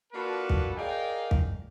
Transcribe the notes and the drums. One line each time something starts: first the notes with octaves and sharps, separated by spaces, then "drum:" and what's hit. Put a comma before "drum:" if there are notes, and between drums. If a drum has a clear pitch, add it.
A#3 D4 F4 F#4 A4 B4
drum: kick
G#4 A#4 D5 D#5 F5 G5
drum: kick